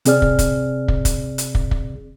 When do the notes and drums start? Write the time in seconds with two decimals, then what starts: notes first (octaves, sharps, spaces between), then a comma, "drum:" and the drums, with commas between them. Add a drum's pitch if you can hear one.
0.05 C3 C4 G#4 D5 F6, drum: hi-hat
0.22 drum: kick
0.39 drum: kick, hi-hat
0.88 drum: kick
1.05 drum: kick, hi-hat
1.38 drum: hi-hat
1.55 drum: kick
1.71 drum: kick